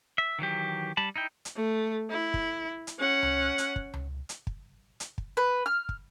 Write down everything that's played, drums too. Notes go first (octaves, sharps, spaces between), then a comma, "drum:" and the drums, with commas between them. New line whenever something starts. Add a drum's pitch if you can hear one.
E5
D#3 E3 F#3 G4
G3 A5 B5
D#4 E4 G5
drum: hi-hat
A3
E4
drum: kick
drum: hi-hat
C#4 F#5
drum: tom C#2
drum: hi-hat
drum: kick
drum: tom C#2
drum: hi-hat
drum: kick
drum: hi-hat
drum: kick
B4
F6
drum: kick